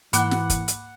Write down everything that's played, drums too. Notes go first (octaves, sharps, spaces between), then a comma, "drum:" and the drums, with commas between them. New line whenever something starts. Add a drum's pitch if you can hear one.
G#2 E3 A#3 F#5 B5 D6 F#6, drum: hi-hat
drum: snare
drum: kick, hi-hat
drum: hi-hat